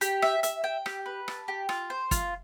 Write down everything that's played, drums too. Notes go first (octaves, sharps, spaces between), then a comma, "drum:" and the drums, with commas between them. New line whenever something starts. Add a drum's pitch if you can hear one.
G4, drum: hi-hat
E5, drum: rim click
E5, drum: hi-hat
G5
G4, drum: rim click
B4
A5, drum: rim click
G4
F4, drum: rim click
C5
F4, drum: kick, hi-hat